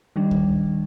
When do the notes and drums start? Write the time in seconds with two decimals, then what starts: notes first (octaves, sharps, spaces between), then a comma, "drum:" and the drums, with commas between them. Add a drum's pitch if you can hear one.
0.16 D#3 G3 D4
0.31 drum: kick